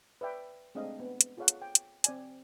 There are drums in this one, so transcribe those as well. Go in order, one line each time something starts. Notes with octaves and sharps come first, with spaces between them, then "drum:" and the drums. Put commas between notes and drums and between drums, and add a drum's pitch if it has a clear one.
B4 D5 E5 G5
G#3 A3 C4 D4 D#5 F5
B3
drum: hi-hat
F4 G#4 A4 C#5 F5 F#5
drum: hi-hat
G5
drum: hi-hat
C4 D5 G#5, drum: hi-hat